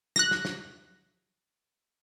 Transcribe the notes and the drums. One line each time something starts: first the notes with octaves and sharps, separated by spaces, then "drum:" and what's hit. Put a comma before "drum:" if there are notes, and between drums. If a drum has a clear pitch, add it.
F#6 A#6, drum: snare
drum: snare
drum: snare